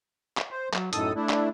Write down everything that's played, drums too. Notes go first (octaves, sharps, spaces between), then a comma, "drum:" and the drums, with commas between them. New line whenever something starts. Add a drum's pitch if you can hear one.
drum: clap
C5
F#3, drum: clap
F#2 A2 D#3 A4 D#6, drum: hi-hat
A3 D4 E4
drum: clap